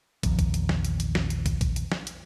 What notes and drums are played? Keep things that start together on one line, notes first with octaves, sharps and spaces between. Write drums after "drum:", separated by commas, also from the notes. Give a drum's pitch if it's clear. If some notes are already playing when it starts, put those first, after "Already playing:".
A#1 E2 D#3 F3, drum: kick, hi-hat
drum: kick, hi-hat
drum: hi-hat
drum: snare
drum: hi-hat
drum: hi-hat
drum: snare
drum: hi-hat
drum: kick, hi-hat
drum: kick, hi-hat
drum: hi-hat
drum: snare
drum: hi-hat